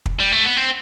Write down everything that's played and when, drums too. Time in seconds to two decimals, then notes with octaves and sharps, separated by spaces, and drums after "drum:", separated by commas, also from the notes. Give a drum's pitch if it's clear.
0.06 drum: kick
0.20 G3
0.32 A3
0.44 B3
0.57 C4